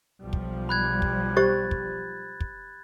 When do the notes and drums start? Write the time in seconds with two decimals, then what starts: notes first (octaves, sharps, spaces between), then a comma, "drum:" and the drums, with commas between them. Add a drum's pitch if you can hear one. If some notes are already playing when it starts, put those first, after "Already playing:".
0.22 B1 F3 G3
0.33 drum: kick
0.69 B5 F#6 G#6
1.02 drum: kick
1.37 G4 C5 C#6 A6
1.71 drum: kick
2.40 drum: kick